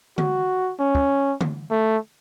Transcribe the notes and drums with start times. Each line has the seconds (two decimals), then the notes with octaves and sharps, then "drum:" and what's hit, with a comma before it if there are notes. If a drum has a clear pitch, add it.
0.18 F#4, drum: tom D3
0.79 C#4
0.95 drum: kick
1.41 drum: tom D3
1.71 A3